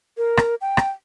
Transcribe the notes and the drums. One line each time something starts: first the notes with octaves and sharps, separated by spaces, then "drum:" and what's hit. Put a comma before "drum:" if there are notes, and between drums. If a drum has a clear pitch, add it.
A#4
drum: rim click
G5
drum: rim click